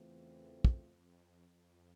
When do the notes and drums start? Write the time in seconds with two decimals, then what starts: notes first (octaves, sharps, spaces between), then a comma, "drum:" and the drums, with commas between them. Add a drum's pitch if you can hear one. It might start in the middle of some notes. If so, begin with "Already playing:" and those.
Already playing: E2 C#3 E3 A3 C4 F4
0.65 F2, drum: kick
1.53 F2